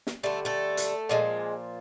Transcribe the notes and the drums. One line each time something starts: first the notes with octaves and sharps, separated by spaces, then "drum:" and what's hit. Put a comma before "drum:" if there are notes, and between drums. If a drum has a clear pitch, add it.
drum: snare
D3 G3 A3 A4
A3 A4
drum: hi-hat
A#2 F3 G#3